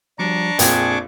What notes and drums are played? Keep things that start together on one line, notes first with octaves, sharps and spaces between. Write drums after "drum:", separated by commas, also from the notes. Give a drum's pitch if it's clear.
F3 G3 D4 F#4 A#5 C#6 D6
A#1 F2 G#4 G5, drum: hi-hat